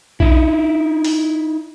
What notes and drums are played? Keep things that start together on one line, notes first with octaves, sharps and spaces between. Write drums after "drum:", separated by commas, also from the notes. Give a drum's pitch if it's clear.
D#4 E4, drum: kick A#1
drum: open hi-hat